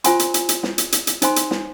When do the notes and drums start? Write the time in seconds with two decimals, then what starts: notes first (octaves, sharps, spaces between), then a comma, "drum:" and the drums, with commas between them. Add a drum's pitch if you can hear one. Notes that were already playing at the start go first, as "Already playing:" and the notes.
0.04 F4 C5 G#5 C6, drum: hi-hat
0.19 drum: hi-hat
0.34 drum: hi-hat
0.49 drum: hi-hat
0.63 drum: snare
0.78 drum: hi-hat
0.92 drum: hi-hat
1.07 drum: hi-hat
1.22 D#4 C5 G#5 C6, drum: hi-hat
1.36 drum: hi-hat
1.51 drum: snare